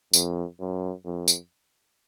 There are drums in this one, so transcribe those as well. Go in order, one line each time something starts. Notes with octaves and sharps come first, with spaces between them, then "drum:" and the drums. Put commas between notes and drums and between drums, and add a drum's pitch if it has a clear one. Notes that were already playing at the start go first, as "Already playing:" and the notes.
F2, drum: tambourine
F#2
F2
drum: tambourine